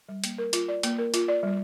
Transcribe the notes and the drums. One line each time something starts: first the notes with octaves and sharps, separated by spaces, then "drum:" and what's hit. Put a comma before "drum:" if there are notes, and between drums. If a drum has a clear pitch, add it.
G3
A#3, drum: hi-hat
A#4
F4, drum: hi-hat
D5
A#3, drum: hi-hat
A#4
F4, drum: hi-hat
D5
G3